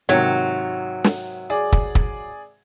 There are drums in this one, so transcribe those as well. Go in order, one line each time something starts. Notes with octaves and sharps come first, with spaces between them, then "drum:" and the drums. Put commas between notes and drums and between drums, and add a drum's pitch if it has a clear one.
G#2 C3 D#3 F#3 C#5
drum: snare
G#4 D5
drum: kick
drum: kick